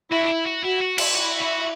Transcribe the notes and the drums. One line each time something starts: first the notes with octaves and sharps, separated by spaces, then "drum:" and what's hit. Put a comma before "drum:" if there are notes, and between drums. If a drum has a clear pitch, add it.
E4 F#4
D4
E4
F#4
E4 F#4
F#4
E4, drum: cymbal
E4 F#4
F#4